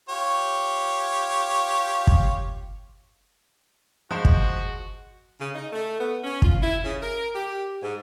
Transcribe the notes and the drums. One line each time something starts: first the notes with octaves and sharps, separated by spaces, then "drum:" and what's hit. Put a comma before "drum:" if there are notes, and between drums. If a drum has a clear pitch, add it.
F4 G4 C#5
drum: kick
F3 G#3 F#4 C5
drum: kick
C#3
D#4
A3
B3
C#4
F4, drum: kick
E4
C#3
A#4
G4
G#2